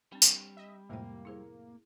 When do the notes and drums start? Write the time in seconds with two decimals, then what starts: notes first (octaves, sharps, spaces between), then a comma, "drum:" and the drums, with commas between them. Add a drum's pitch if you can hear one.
0.12 G3 C4 D4
0.22 drum: tambourine
0.57 D#5 E5
0.89 F2 A2 C3 G#3 A#3 G5
1.25 E4 G#4 C5